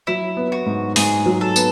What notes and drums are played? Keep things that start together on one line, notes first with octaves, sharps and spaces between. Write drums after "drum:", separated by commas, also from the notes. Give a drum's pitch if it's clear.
F#3 E4
B3
F#4
G#2
G#2 G#4, drum: open hi-hat
F#3
A4
B3, drum: tambourine